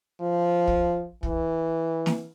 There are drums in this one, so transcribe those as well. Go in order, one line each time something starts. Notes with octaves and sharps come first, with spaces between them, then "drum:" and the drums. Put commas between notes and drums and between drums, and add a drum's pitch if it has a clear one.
F3
drum: kick
E3, drum: kick
drum: snare